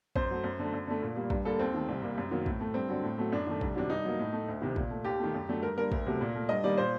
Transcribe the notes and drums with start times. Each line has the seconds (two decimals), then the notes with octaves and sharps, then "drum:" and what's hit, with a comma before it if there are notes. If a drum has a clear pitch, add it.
0.16 F#2 C5, drum: kick
0.30 F#3 A3
0.44 F#2
0.59 D3 A3
0.74 F#2
0.87 D3 A3
1.02 A#2
1.16 G3 A#3
1.30 G2, drum: kick
1.45 D3 G3 A#3 A4
1.59 D#2 C4
1.74 D#3 A3
1.88 C2
2.02 C3 G3 A#3
2.18 F#2
2.31 D#3 F#3 A#3
2.46 A2, drum: kick
2.60 A3
2.74 G2 C4
2.89 D3 F#3
3.03 A2
3.18 F#3 A3
3.32 F#2 D4
3.47 D#3 A3
3.61 C2, drum: kick
3.75 C3 D#3 F#3 D4
3.90 G2 D#4
4.05 F#3 A#3
4.19 A2
4.33 A3
4.48 D2
4.61 C3 D#3
4.76 A#2, drum: kick
4.90 A3
5.04 D#2 G4
5.19 D#3 A3
5.34 F#2
5.48 D3 F#3 A3
5.62 G2 A#4
5.77 D3 G3 A#3 A#4
5.92 D2, drum: kick
6.06 C3 F#3 A3
6.21 A#2
6.35 A3
6.49 G2 D#5
6.64 D#3 G3 A#3 D5
6.77 A#2 C5